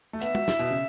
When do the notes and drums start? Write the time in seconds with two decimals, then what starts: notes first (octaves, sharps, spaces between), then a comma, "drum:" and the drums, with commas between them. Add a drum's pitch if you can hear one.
0.13 A3
0.21 B3 E5, drum: hi-hat
0.35 F#4, drum: tom
0.48 E4, drum: snare
0.59 B2, drum: hi-hat
0.71 C#3